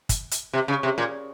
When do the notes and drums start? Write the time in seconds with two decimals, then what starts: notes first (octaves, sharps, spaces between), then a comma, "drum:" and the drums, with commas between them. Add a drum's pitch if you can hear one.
0.09 drum: kick, hi-hat
0.31 drum: hi-hat
0.53 C3
0.68 C#3
0.83 C3
0.98 A#2